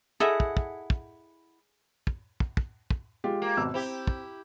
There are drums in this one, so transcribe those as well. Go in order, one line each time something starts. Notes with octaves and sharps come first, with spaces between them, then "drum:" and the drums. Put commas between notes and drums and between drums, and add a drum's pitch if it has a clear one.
E4 G#4 A4 D#5 E5 F#5
drum: kick
drum: kick
drum: kick
drum: kick
drum: kick
drum: kick
drum: kick
G#3 F4 G4
A#3
G#1 B2 E6
C4 E4 G4
drum: kick